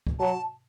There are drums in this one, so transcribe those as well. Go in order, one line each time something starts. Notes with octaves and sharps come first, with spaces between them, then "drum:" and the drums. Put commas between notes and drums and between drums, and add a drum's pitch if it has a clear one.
drum: kick
F#3 A5